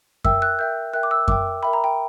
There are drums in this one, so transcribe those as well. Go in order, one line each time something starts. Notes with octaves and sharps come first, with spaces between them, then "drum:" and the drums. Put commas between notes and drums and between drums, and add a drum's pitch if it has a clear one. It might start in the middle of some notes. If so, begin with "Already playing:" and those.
A#4 E5 G5 E6, drum: kick F#2
F#6
A#4 E5 G5 G6
A#4 E5 G5 F#6
D6
E6
A#4 E5 G5 D6, drum: kick F#2
A#4 E5 G5 B5
A#5
G5